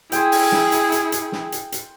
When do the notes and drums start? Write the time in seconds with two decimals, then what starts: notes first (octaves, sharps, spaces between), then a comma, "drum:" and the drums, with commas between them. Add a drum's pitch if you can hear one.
0.12 E4 G#4 G5 C6, drum: hi-hat
0.32 drum: open hi-hat
0.52 drum: snare
0.72 drum: hi-hat
0.92 drum: hi-hat
1.12 drum: hi-hat
1.32 drum: snare
1.52 drum: hi-hat
1.72 drum: hi-hat